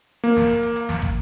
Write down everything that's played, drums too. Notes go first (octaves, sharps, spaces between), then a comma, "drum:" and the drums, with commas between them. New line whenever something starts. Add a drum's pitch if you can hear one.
A#3, drum: hi-hat
drum: snare
drum: hi-hat
drum: hi-hat
drum: hi-hat
drum: snare
drum: kick, hi-hat